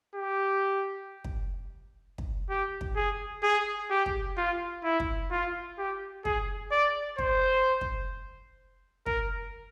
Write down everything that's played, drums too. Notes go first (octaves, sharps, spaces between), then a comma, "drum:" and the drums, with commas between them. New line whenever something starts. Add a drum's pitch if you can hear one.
G4
drum: kick
drum: kick
G4
drum: kick
G#4
G#4
G4
drum: kick
F4
E4
drum: kick
F4
G4
G#4, drum: kick
D5
C5, drum: kick
drum: kick
A#4, drum: kick